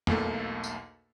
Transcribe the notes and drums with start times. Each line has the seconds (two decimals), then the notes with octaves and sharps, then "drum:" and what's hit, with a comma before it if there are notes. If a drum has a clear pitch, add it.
0.07 B1 E2 A3 A#3 A4, drum: tom
0.64 drum: tambourine